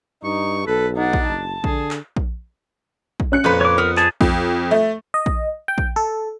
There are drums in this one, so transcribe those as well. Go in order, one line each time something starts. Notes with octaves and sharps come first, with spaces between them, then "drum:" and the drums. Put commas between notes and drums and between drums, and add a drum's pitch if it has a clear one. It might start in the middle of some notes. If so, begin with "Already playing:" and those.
G2 D#4 C#6
B1 A4 B4
D4 D#4 F#5
drum: kick A#1
F#1 A5
D3 G#4, drum: kick A#1
drum: clap
drum: kick A#1
drum: kick A#1
C#4 F#6 C#7
F2 A#2 B4
C#5 D6
B3 A#4
G#4 A5, drum: clap
F2, drum: kick A#1
A3
D#5
drum: kick A#1
G5
drum: kick A#1
A4